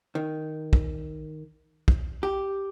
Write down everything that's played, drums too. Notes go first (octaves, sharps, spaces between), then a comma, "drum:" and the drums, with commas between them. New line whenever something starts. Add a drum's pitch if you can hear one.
D#3
drum: kick
drum: kick
G4